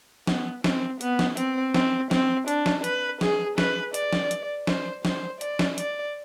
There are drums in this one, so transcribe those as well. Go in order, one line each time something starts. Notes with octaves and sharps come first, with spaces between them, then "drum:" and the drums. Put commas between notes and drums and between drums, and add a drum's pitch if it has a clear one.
B3, drum: snare
C4, drum: snare
B3, drum: hi-hat
drum: snare
C4, drum: hi-hat
C4, drum: snare
C4, drum: snare
D4, drum: hi-hat
drum: snare
B4, drum: hi-hat
G#4, drum: snare
B4, drum: snare
D5, drum: hi-hat
drum: snare
drum: hi-hat
C5, drum: snare
C5, drum: snare
D5, drum: hi-hat
drum: snare
D5, drum: hi-hat